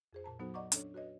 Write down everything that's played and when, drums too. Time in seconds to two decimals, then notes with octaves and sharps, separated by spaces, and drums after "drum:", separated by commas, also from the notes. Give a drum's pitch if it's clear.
0.13 F2 G#4 C5
0.24 A#2 A5 A#5
0.39 F#3 B3 D#4 F#4 A4 C5
0.54 D5 D#5 F#5 A#5 C#6 D6
0.72 C#4 D4 A4 C#5, drum: hi-hat
0.94 F#4 B4 C#5 D#5